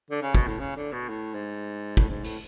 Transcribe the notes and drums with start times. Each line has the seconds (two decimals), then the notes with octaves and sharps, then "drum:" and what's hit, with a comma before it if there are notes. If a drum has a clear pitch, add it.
0.10 D3
0.22 C#3
0.35 B2, drum: kick
0.47 A2
0.59 C#3
0.76 D3
0.92 B2
1.09 A2
1.34 G#2
1.97 A2, drum: kick
2.08 G#2
2.24 A2, drum: open hi-hat